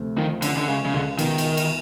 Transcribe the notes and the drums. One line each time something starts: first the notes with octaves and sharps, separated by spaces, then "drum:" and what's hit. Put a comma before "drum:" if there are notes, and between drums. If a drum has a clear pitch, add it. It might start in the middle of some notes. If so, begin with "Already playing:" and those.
Already playing: D2 C3 A3
D#3 F3
D3 C#4, drum: cymbal
D3
C#3 G#3
C#3
C#2 D3
B2 D#3, drum: cymbal
drum: cymbal
drum: cymbal